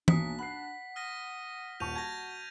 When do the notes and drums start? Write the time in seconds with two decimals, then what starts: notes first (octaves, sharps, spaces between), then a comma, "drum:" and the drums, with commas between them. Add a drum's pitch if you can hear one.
0.08 B1 A#3 D4 G#5 D#6 B6 C7, drum: tom E3
0.39 F#5 B5 F#6 C7
0.96 D#6 F6 A#6 B6
1.80 D#1 A5 C#6 G6 D#7 F7
1.96 F#4 A5 G#6 A#6